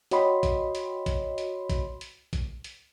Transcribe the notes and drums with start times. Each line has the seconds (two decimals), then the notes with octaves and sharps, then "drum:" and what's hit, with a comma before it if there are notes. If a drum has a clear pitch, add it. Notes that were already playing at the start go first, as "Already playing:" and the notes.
0.11 F#4 C#5 D#5 G5 B5 C6, drum: hi-hat
0.43 drum: kick, hi-hat
0.75 drum: hi-hat
1.06 drum: kick, hi-hat
1.38 drum: hi-hat
1.70 drum: kick, hi-hat
2.01 drum: hi-hat
2.33 drum: kick, hi-hat
2.64 drum: hi-hat